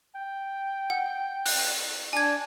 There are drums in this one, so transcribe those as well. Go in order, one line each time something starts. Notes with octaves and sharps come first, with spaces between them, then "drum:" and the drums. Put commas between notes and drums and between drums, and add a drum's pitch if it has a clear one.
G5
F#5
F#6, drum: open hi-hat
D4 G#5 G#6